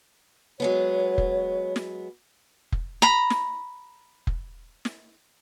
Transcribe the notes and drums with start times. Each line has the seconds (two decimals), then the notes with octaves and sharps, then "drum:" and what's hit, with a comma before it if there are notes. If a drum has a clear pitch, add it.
0.60 F#3 G#3 B3 C#5
1.18 drum: kick F1
1.76 drum: snare
2.72 drum: kick F1
3.02 A#5 B5
3.30 drum: snare
4.27 drum: kick F1
4.85 drum: snare